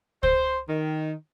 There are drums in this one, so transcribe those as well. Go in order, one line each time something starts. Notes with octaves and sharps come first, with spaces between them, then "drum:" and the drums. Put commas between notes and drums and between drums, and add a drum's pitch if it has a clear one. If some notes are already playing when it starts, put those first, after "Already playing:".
C5, drum: kick
D#3